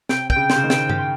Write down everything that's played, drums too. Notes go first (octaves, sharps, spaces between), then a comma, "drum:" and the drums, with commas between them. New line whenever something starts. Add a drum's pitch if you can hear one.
C3 G5, drum: snare
G5, drum: kick
C#3
C5, drum: snare
C#3
D#3
G5, drum: snare
G4, drum: tom G2